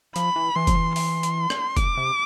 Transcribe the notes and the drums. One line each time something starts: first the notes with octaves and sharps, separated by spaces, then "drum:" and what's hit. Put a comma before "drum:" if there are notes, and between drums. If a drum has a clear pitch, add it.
F3 B5, drum: hi-hat
E3
E3 C6
F3, drum: kick, hi-hat
E3
C6, drum: open hi-hat
drum: hi-hat
drum: rim click
D6, drum: kick, hi-hat
C3